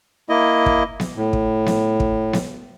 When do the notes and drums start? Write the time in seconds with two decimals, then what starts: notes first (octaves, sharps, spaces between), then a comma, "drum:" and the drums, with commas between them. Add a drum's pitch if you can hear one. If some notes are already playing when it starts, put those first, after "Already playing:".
0.29 A#3 E4 D#5
0.66 drum: kick
1.00 drum: snare B3
1.16 A2
1.33 drum: kick
1.66 drum: snare B3
2.00 drum: kick
2.33 drum: snare B3